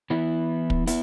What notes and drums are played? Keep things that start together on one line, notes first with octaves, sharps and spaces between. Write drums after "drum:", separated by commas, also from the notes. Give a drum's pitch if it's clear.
E3 B3 E4
drum: kick
B3 E4, drum: hi-hat